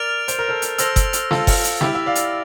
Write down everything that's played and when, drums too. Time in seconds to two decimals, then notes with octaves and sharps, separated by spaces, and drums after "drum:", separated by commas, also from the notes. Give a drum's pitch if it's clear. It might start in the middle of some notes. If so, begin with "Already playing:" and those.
Already playing: A#4 D5 F6 A6 D7 F7
0.28 C5, drum: hi-hat
0.39 A#4
0.49 A4 C5
0.62 drum: hi-hat
0.78 A4 C5 E6 A#6 F7, drum: hi-hat
0.96 drum: kick F#1, hi-hat
1.13 drum: hi-hat
1.31 F4 A4, drum: snare
1.47 drum: kick F#1, open hi-hat
1.64 drum: hi-hat
1.81 E4 G4 A6 D7 F7, drum: snare
1.95 E5
2.06 D5 F5
2.15 drum: hi-hat